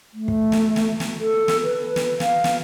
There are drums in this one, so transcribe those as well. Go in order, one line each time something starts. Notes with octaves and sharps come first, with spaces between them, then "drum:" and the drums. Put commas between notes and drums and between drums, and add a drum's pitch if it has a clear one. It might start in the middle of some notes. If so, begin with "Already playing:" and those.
A3
drum: kick
drum: snare
drum: snare
drum: snare
A4
drum: snare
B4
drum: snare
F5, drum: snare
drum: snare